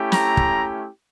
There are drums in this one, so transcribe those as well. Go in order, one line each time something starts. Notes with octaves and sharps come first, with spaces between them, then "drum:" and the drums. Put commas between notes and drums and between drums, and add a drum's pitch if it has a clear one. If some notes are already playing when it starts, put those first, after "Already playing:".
Already playing: A3 C#4 E4 G4
A#5, drum: snare
drum: kick